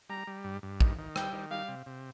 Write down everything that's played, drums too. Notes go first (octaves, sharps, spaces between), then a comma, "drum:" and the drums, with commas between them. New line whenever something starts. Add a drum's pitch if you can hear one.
G3 A#5
G3
G2
G2
D#3, drum: kick
D#3
G3 G5, drum: rim click
D#3
G3 F5
C3
C3